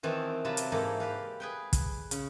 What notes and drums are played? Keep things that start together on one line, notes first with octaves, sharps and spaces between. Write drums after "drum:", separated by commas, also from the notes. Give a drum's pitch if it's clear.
D#3 E3 C4 F#4 A5
C3 F#3 F4 B4 A5
drum: hi-hat
G#2 E3 A#3 G4 A4 D5
G4 B4 F5
G#4 B4 G5
drum: kick, hi-hat
C#3, drum: hi-hat